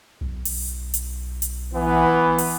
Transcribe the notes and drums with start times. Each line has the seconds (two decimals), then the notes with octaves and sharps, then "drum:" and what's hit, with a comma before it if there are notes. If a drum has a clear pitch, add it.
0.21 B1
0.45 drum: open hi-hat
0.94 drum: hi-hat
1.42 drum: hi-hat
1.74 E3 B3
2.38 drum: open hi-hat